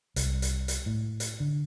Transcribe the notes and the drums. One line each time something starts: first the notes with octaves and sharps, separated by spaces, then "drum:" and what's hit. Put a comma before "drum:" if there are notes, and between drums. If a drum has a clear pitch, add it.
C2, drum: hi-hat
drum: hi-hat
drum: hi-hat
A2
drum: hi-hat
D3